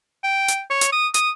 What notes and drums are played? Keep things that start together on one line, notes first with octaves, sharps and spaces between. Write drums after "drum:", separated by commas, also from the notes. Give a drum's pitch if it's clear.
G5
drum: hi-hat
C#5
drum: hi-hat
D#6
D#6, drum: hi-hat